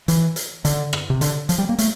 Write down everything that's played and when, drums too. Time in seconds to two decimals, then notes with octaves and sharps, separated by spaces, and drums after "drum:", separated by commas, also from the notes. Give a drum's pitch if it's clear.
0.08 E3, drum: hi-hat
0.36 drum: hi-hat
0.65 D3, drum: hi-hat
0.93 drum: rim click
1.10 C3
1.21 D3, drum: hi-hat
1.49 F3, drum: hi-hat
1.58 G3
1.69 A#3
1.78 A3, drum: hi-hat